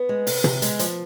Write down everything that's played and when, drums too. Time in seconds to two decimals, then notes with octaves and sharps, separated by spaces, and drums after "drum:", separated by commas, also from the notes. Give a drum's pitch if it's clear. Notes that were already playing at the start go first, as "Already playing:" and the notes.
Already playing: B3
0.09 G#3
0.27 C3, drum: open hi-hat
0.44 C3, drum: tom
0.62 G#3, drum: hi-hat
0.79 F3, drum: hi-hat